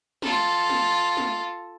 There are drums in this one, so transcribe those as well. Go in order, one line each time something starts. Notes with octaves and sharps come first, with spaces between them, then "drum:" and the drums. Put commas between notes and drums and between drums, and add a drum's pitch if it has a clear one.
F4 A4, drum: snare
drum: snare
drum: snare